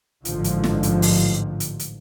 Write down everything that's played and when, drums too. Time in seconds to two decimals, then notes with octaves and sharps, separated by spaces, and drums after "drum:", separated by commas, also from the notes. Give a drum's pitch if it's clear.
0.25 A1 G#2 D3 F3, drum: hi-hat
0.44 drum: hi-hat
0.64 drum: snare
0.83 drum: hi-hat
1.02 drum: open hi-hat
1.60 drum: hi-hat
1.79 drum: hi-hat